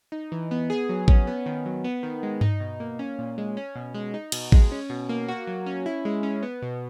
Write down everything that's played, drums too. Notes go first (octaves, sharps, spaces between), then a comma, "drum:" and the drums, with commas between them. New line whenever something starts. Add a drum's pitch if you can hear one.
D#4
E3
B3
G#4
F#3
C#4, drum: kick A1
B3
D#3
F#3
B3
D#3
G#3
D#4, drum: tom G2
B2
A#3
C#4
A#2
G#3
C#4
B2
G#3
D#4
B2, drum: cymbal
G#3, drum: kick A1
C#4
B2
A#3
F#4
F#3
C#4
E4
G#3
C#4
B3
B2